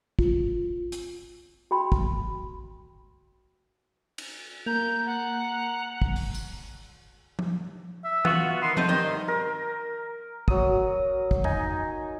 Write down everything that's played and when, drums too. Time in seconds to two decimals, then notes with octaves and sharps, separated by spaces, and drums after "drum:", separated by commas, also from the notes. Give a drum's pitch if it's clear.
0.19 F4, drum: kick
0.92 drum: hi-hat
1.71 F#4 G5 B5
1.92 drum: kick
4.18 drum: cymbal
4.66 A#3 A#5 G6
5.06 F#5
6.02 drum: kick
6.16 drum: open hi-hat
6.34 drum: tambourine
7.39 drum: tom F3
8.04 E5
8.25 B3 F4 F#4, drum: tom E3
8.62 D#3 B3 C6
8.77 F3 A3 C4 C5 D#5, drum: tom F3
8.89 G2 D#3 D#5 G5
9.28 A#4
10.48 F#3 D#6, drum: kick
11.31 drum: kick
11.44 D#4 G#5, drum: tom F2